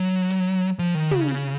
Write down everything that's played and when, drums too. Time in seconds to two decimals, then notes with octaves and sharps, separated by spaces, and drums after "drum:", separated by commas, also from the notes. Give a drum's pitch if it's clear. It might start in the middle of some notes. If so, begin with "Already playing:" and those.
Already playing: F#3
0.31 drum: hi-hat
0.79 F3
0.95 D#3
1.11 C#3, drum: tom